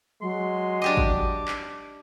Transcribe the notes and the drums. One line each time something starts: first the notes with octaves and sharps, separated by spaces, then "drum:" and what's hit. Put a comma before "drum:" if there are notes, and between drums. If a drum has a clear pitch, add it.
F#3 G#3 C6
D4 G4 D#5 D6
drum: kick
drum: clap